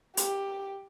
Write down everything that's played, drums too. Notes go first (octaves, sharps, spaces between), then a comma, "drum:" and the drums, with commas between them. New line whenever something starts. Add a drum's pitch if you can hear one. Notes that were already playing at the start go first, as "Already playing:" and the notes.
G4, drum: hi-hat